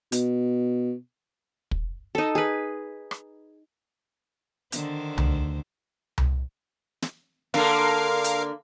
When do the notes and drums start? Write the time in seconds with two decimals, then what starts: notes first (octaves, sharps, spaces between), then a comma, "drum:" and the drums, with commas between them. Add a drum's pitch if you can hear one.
0.12 B2, drum: hi-hat
1.71 drum: kick
2.15 D#4 A4
2.35 G#4 B4
3.11 drum: rim click
4.72 D3 D#3 C5, drum: hi-hat
5.18 D2, drum: tom C2
6.18 drum: tom C2
7.02 drum: snare
7.54 D3 A#3 A#4 F5, drum: snare
8.24 drum: hi-hat